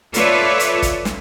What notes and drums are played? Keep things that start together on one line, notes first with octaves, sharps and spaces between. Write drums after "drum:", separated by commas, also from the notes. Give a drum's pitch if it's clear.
F4 A4 B4 C#5 D5 E5, drum: hi-hat
drum: hi-hat
drum: kick, hi-hat
drum: snare